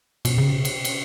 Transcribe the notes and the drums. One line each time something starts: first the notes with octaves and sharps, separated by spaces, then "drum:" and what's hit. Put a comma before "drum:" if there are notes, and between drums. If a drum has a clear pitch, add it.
B2, drum: cymbal
C#3
drum: cymbal
drum: cymbal